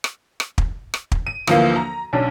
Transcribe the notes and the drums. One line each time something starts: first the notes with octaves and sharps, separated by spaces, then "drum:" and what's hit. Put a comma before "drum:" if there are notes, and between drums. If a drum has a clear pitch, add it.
drum: rim click
drum: rim click
drum: kick
drum: rim click
drum: kick
D#7
D2 E3 F3 A#3, drum: rim click
A#5
B1 C#4 D4